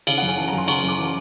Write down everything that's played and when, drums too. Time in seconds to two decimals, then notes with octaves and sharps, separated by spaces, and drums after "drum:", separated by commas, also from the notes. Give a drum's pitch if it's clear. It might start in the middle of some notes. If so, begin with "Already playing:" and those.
0.07 C#3 F5, drum: cymbal
0.18 F#2 F#5
0.28 G#5
0.38 E3 A5
0.48 A#5
0.53 F#2
0.58 C6
0.68 C#3 C#6, drum: cymbal
0.79 F#2 C6
0.89 D6
0.99 E3